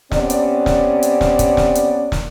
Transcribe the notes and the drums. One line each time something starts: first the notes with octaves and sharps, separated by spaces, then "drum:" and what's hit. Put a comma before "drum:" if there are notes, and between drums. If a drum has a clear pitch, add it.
C3 B3 C#4 D5, drum: snare
drum: hi-hat
drum: snare
drum: hi-hat
drum: snare
drum: kick, hi-hat
drum: snare
drum: hi-hat
drum: snare